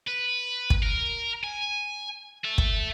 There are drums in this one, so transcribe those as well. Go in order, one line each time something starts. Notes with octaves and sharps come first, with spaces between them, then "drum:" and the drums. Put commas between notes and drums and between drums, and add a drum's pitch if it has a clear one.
B4
drum: kick
A#4
G#5
A4 E5
drum: kick